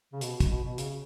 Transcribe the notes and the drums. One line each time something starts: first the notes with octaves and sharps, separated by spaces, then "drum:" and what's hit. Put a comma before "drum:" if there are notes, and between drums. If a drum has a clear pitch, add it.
C#3
B2, drum: hi-hat
drum: kick, hi-hat
B2
B2
C#3, drum: hi-hat